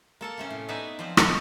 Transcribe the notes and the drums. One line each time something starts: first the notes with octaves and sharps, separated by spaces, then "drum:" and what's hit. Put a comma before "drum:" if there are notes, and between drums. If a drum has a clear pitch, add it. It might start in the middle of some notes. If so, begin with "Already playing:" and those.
A#3 A4 A5
C3 A3 C#4
A2
B3 D#4 D5 E5 G#5
F3 F#3 C4 D5
B3 D#4 F#4 G4, drum: rim click